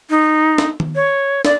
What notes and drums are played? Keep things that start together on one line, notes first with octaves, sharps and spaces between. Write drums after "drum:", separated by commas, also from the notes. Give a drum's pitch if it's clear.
D#4
drum: snare
drum: tom D#3
C#5
D5, drum: snare